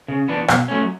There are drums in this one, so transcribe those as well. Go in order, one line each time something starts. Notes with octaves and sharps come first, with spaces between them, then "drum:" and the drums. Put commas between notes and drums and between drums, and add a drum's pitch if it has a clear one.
C#3
E3 B3 D4
B2, drum: rim click
F#3 A3 C#4